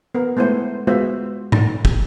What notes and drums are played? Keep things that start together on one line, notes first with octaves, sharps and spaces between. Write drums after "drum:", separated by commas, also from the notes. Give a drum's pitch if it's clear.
B3 A#4
G#3 A3 B3 E4 C5 F#5
G#3 B3 F4 F#4 C5 E5
D#4 A5, drum: tom G#2
drum: kick